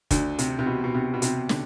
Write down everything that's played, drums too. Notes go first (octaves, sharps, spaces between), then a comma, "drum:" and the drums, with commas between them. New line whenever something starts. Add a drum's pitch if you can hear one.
D2 D3, drum: kick, hi-hat
C3, drum: hi-hat
C3
B2
B2
C3
B2
C3, drum: hi-hat
D3, drum: snare